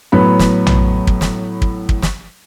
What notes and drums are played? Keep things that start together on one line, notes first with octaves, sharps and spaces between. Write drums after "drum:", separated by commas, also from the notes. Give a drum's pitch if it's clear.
A2 F#3 B3 B5
drum: snare
drum: tom A#1
drum: kick
drum: snare
drum: kick
drum: kick
drum: snare